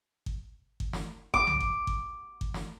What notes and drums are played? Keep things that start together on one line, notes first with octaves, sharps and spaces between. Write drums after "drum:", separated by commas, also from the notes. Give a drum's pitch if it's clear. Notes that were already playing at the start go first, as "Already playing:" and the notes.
drum: kick G#1
drum: kick G#1
drum: snare
D6, drum: kick G#1
drum: tom C2
drum: kick G#1
drum: kick G#1
drum: kick G#1
drum: snare